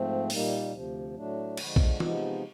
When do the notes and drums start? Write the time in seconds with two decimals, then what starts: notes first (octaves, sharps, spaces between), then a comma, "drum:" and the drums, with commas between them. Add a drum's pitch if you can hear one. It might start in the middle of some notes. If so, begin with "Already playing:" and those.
Already playing: G#2 F3 A3 C4
0.30 A#2 G3 A#3 D#4, drum: open hi-hat
0.72 D2 C3 F3
1.14 A2 F#3 A3 D4
1.57 D3 F3 G#3, drum: cymbal
1.76 drum: kick B1
2.00 C3 F3 G#3 B3 D#4, drum: tom